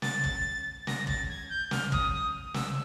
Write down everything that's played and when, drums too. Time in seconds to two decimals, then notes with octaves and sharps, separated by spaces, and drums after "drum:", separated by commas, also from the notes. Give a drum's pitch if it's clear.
0.02 A6, drum: snare
0.24 drum: kick
0.87 A#6, drum: snare
1.07 A6, drum: kick
1.29 G#6
1.49 G6
1.71 F6, drum: snare
1.92 D#6, drum: kick
2.13 D#6
2.54 E6, drum: snare